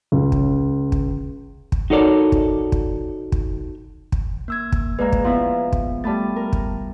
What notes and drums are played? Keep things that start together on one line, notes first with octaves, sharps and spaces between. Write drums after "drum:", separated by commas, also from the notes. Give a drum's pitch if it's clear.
C#2
drum: kick
drum: kick
drum: kick
D#4 F#4 A4 A#4 C#5 D5
drum: kick
drum: kick
drum: kick
drum: kick
A#3 E6 G#6
drum: kick
G#3 A#3 B4 D5 A#5
drum: kick
F3 B3 E4
drum: kick
G3 A3 A5 B5 A6
A#4
drum: kick